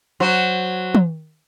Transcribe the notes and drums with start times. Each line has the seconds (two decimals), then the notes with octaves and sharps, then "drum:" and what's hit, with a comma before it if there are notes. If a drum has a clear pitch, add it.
0.20 F#3 C5
0.95 drum: tom